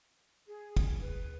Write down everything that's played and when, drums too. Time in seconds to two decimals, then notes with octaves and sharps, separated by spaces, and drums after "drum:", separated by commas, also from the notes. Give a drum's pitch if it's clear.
0.47 G#4
0.77 drum: kick, cymbal
1.01 D2 B4